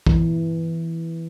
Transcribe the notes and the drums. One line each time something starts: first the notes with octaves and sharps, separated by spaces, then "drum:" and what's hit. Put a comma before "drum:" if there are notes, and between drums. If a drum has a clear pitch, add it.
E3, drum: kick